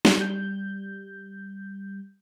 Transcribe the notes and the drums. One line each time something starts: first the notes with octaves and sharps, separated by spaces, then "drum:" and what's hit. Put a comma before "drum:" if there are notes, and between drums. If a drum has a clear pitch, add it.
drum: snare
G3 G6